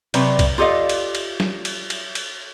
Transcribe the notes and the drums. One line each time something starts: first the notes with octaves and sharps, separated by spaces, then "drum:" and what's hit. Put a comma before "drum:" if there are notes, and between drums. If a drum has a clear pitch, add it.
C3 F#3 B4 D5, drum: cymbal
drum: kick C2, cymbal
F4 G4 A4 D5 D#5 F5
drum: cymbal
drum: cymbal
drum: snare
drum: cymbal
drum: cymbal
drum: cymbal